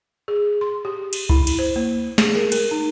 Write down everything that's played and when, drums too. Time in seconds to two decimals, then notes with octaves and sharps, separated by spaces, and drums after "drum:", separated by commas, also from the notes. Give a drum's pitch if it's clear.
0.28 G#4
0.61 C6
0.85 G4
1.13 drum: cymbal
1.29 E4, drum: kick C#2
1.47 drum: cymbal
1.59 C5
1.76 A#3
2.18 G#4, drum: snare
2.34 A#4
2.52 A#4, drum: cymbal
2.71 D#4